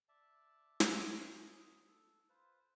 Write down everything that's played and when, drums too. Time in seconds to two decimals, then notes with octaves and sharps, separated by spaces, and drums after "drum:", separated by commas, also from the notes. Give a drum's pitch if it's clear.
0.09 D5 E5 A5
0.80 E4, drum: snare
1.12 D#4 G5
1.32 D#6
1.87 A4
2.29 F4 B4 C5